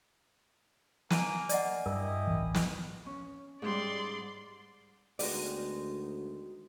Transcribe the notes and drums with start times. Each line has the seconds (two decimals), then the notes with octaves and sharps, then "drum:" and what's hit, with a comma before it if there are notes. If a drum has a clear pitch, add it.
1.10 A#3 G#5 D#7, drum: snare
1.49 D5 D#5 F#5, drum: hi-hat
1.86 G2 E4 G4 A#4 D#5
2.27 D1 A1 E3
2.55 drum: snare
3.06 C#4
3.62 G#2 G3 D5 C6
5.19 D2 D#3 G#3 B3 F#4 D5, drum: open hi-hat